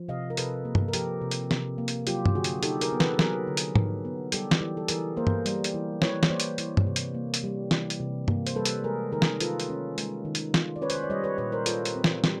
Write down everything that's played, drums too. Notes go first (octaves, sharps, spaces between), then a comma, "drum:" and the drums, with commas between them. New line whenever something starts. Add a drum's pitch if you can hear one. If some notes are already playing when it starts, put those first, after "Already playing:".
Already playing: F3
C3 D#5 F5
A#4
C3 A4 B4, drum: hi-hat
A#3
drum: tom G2
A#4
F3 G4 A4, drum: hi-hat
C3
drum: hi-hat
C3, drum: snare
A#3
drum: hi-hat
F#3 F4 G4, drum: hi-hat
drum: tom G2
D3 F#4 G#4
drum: hi-hat
D#4 G4 A4, drum: hi-hat
G#4 A#4, drum: hi-hat
B3
A4 B4, drum: snare
B4
F#3 G#4 A#4, drum: snare
D3
drum: hi-hat
D#4, drum: tom G#2
B3
G3 G4 A4, drum: hi-hat
drum: snare
E3
A4
E3 G#4 A#4, drum: hi-hat
A#3 A#4 C5
drum: tom G2
G3, drum: hi-hat
drum: hi-hat
E3
E3 B4 C#5, drum: snare
C#5, drum: snare
A#3 C5 D5
drum: hi-hat
E3, drum: hi-hat
drum: tom G2
C3
drum: hi-hat
A#3
drum: hi-hat
G3
E3, drum: snare
drum: hi-hat
C3
A#3, drum: tom G2
C5, drum: hi-hat
G3 A4 B4
drum: hi-hat
G#3 G#4 A#4
D#3 G#4 A#4
drum: snare
F4 A4 B4, drum: hi-hat
drum: hi-hat
C#4
G#3, drum: hi-hat
D#3
drum: hi-hat
F4, drum: snare
D5
C#4 B4 C#5
C5, drum: hi-hat
C#5
D5
G3 C#5 D#5
B4 C#5
A#2 B4 C#5
A#4 C5
F4 A4 B4, drum: hi-hat
drum: hi-hat
C4
drum: snare
G3, drum: snare